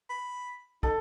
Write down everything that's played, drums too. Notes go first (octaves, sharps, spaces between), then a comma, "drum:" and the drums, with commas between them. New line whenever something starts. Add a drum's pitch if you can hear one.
B5
D#4 A4, drum: kick